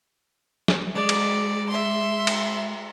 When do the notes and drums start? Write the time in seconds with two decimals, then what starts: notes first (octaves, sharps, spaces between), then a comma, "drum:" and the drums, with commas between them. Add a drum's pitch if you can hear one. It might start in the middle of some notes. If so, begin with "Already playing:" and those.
0.68 drum: snare
0.95 G#3 D5
1.09 drum: cymbal
1.69 E5 C6
2.27 drum: cymbal